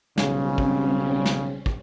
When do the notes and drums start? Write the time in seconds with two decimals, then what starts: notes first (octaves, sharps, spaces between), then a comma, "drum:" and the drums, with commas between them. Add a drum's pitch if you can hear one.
0.18 B1 C#3 G3 C4 C#4, drum: snare
0.58 drum: kick
1.25 drum: snare
1.66 drum: kick